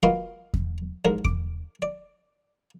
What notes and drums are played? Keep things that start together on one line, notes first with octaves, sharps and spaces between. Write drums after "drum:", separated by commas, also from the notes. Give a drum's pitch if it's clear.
A#3 F4 F#4 B4 D#5 F5
drum: kick E2
A1 G#2 A#4
D6, drum: kick E2
D5